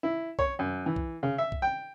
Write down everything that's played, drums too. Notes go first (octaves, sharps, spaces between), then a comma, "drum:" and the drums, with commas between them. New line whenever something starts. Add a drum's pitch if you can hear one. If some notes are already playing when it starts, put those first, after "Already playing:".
E4
C#5, drum: kick
F#2
E3
drum: kick
C#3
E5
drum: kick
G5